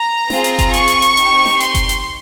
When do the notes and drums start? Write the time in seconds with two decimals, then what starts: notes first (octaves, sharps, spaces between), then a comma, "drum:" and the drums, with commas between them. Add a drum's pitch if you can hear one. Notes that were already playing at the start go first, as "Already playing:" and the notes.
Already playing: A#5
0.30 C4 F4 G#4, drum: snare
0.44 drum: hi-hat
0.59 drum: kick F#1, hi-hat
0.74 C#6, drum: hi-hat
0.88 drum: hi-hat
1.02 drum: hi-hat
1.17 C4 D#4 G4, drum: hi-hat
1.46 drum: snare
1.60 C6, drum: hi-hat
1.75 drum: kick F#1, hi-hat
1.89 drum: hi-hat